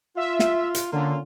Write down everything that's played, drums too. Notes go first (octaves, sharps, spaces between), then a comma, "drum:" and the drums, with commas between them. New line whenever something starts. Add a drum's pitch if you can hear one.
F4 E5
drum: snare
drum: hi-hat
D3 A#3 C#4 F4